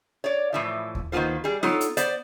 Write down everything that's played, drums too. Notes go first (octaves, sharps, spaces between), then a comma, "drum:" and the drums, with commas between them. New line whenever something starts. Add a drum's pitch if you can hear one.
C#5 D5
A2 E3 F3
drum: kick D#2
D#3 A#3 B3 D4 F4 C5
G3 G#4
B3 D#4 F4 A4 C#5, drum: snare C4
drum: hi-hat
B3 C5 D5, drum: hi-hat